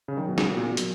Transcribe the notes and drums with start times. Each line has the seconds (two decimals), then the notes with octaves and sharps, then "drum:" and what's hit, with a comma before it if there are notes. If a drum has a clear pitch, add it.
0.08 C#3
0.17 D#3 F#3
0.29 B2
0.38 C#3, drum: snare
0.47 B3 F#4 A#4
0.57 A#2
0.77 F#3, drum: hi-hat